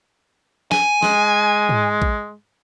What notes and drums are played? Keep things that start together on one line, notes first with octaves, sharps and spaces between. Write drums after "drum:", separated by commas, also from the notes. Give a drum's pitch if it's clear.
G#5, drum: snare
G#3, drum: snare
drum: tom G#2
drum: kick A#1